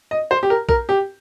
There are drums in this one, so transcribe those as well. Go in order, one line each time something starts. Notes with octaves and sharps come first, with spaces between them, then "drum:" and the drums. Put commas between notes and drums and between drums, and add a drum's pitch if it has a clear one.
D#5
C5
G4
A#4
A#4, drum: kick B1
G4